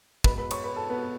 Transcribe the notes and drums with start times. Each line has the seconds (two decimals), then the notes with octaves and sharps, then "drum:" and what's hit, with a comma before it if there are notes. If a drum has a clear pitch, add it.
0.24 B2 G#3 B4 B5, drum: kick
0.38 B4 B5
0.51 C#5 C#6, drum: cymbal
0.63 B4 B5
0.76 A4 A5
0.90 B3 B4
1.03 B3